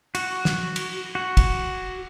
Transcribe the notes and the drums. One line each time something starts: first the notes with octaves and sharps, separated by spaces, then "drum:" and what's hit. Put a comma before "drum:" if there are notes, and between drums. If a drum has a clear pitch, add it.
F#4, drum: cymbal
drum: snare
drum: cymbal
F#4
drum: kick, cymbal